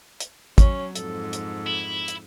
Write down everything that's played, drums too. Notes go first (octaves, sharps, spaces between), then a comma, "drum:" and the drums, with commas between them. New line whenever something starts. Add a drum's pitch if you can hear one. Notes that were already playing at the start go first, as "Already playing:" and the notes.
drum: hi-hat
F#3 C#4, drum: kick, hi-hat
F2 G#2 A4, drum: hi-hat
drum: hi-hat
E4
drum: hi-hat